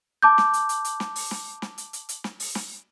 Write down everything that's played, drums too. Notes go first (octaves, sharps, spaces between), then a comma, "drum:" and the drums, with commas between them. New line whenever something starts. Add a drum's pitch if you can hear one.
A5 D6 G6
drum: snare
drum: hi-hat
drum: hi-hat
drum: hi-hat
drum: snare
drum: open hi-hat
drum: snare
drum: snare
drum: hi-hat
drum: hi-hat
drum: hi-hat
drum: snare
drum: open hi-hat
drum: snare